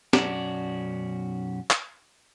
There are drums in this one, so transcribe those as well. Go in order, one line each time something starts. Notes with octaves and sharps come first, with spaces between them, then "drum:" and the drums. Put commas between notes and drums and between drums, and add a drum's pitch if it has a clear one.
B1 F#2 C#4 F#4 D5 A5, drum: snare
drum: clap